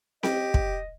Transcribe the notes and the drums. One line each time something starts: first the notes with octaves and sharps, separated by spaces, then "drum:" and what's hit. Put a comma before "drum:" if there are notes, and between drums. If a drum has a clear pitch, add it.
G4 D#5, drum: snare C4
drum: kick